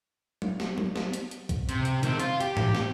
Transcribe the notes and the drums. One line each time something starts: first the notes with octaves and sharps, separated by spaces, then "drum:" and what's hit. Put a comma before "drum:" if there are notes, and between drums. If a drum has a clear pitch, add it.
drum: tom F#3
drum: snare
drum: tom F#3
drum: snare
drum: hi-hat
drum: hi-hat
drum: kick, hi-hat
C3, drum: hi-hat
drum: hi-hat
D#3 C4, drum: hi-hat
F4, drum: hi-hat
G4, drum: hi-hat
drum: tom G#2
drum: snare